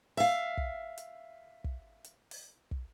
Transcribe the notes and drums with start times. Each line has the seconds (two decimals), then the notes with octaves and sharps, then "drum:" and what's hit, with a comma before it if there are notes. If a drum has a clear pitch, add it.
0.17 E5 F5, drum: open hi-hat
0.57 drum: kick
0.98 drum: hi-hat
1.64 drum: kick
2.04 drum: hi-hat
2.31 drum: open hi-hat
2.71 drum: kick